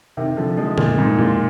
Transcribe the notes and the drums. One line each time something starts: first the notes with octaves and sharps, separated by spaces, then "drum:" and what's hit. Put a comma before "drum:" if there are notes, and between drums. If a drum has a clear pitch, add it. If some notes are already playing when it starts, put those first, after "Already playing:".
C3 D#3
D3 F3
F3 G#3
A#2, drum: tom D3
G#2
A#2